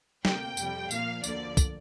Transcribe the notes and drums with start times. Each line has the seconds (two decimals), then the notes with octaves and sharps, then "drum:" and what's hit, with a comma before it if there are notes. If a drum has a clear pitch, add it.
0.25 D2 C3 A#3 G5, drum: snare
0.57 F2 C3 G3, drum: tambourine
0.91 A#2 F3 A#3 F5, drum: tambourine
1.24 D2 D3 F3 A#3 D5, drum: tambourine
1.57 drum: kick, tambourine